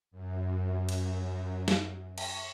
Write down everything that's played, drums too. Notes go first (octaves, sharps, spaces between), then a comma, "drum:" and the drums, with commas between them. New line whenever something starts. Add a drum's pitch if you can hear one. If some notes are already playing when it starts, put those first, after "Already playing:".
F#2
drum: cymbal
drum: snare
C#6, drum: cymbal